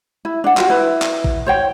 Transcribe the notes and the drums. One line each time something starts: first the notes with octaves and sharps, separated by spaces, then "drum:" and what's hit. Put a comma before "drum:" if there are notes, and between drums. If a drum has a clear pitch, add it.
E4
D4 F#5
F4 F#4 C5 G5, drum: clap
E4 B4
drum: clap
drum: kick A1
C5 C#5 G5